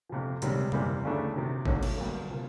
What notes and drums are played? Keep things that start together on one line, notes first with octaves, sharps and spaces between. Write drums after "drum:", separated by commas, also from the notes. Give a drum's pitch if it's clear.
F2 C3 F3
C#2 C3 D#3 G3, drum: hi-hat
E2 C3 E3 G3 A#3, drum: tom F#2
D2 C#3 E3 A3 D4
C3 D#3 F#3
B1 A2 F#3 A#3 D4, drum: kick G#1
drum: cymbal
G2 D3 F#3 A#3
C3 F3 A#3